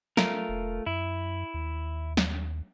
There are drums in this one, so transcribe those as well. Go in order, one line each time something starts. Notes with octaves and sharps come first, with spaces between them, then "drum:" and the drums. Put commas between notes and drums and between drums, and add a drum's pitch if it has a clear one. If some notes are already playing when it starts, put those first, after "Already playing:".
A3 F4 A#4, drum: snare
E1
F#2 E4
D#2
drum: snare